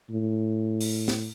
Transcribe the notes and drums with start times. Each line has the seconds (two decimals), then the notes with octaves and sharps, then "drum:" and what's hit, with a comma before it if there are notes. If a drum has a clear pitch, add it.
0.10 A2
0.81 drum: open hi-hat
1.08 drum: snare